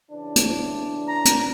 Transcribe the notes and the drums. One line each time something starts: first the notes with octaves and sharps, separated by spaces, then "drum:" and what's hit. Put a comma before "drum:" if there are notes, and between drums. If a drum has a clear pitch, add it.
C#3 E3 D4
drum: hi-hat
A#5
drum: hi-hat